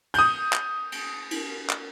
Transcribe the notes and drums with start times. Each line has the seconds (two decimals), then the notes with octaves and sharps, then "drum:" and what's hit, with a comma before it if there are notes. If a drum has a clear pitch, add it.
0.14 D#6 G6, drum: cymbal
0.53 drum: clap
0.92 drum: cymbal
1.31 drum: cymbal
1.70 drum: clap